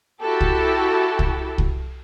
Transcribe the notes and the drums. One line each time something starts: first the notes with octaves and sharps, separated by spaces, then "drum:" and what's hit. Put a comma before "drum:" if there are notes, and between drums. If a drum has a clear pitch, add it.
E4 F#4 G4 A4
drum: kick C2
drum: kick C2
drum: kick C2